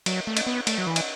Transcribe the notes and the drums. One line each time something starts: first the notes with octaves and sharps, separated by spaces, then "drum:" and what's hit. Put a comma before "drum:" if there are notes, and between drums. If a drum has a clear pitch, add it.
F#3, drum: cymbal
A3
drum: cymbal
B3
A3, drum: cymbal
F#3
E3
drum: cymbal